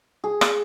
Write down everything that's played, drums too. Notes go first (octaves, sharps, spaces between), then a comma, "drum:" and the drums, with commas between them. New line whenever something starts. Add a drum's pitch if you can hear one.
G#4
drum: rim click